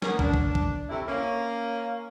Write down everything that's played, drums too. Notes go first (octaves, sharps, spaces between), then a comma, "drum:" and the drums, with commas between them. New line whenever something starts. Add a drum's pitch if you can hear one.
A#3 B3 C#4 A#4, drum: snare
D4, drum: kick
drum: kick
drum: kick
C3 A3 E4
A#3 C#4